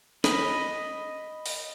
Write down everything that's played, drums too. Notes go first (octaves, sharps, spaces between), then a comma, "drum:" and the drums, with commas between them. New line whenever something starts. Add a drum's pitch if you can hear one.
D#5 B5, drum: snare
drum: open hi-hat